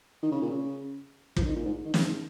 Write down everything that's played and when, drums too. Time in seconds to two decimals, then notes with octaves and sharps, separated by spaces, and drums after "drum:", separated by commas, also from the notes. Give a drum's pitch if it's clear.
0.23 D#3
0.32 C#3
0.41 A#2
0.50 C#3
1.37 F3, drum: kick
1.42 C#3
1.46 D#3
1.55 A#2
1.65 G#2
1.85 D#3
1.94 C#3, drum: snare
2.03 G#2